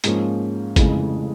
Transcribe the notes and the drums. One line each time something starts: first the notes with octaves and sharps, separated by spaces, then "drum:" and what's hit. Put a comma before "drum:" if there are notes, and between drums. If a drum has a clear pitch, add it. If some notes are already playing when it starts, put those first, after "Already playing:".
G#2 F3 A#3 C#4, drum: hi-hat
F1 F2 C#3 E3 G#3, drum: kick A1, hi-hat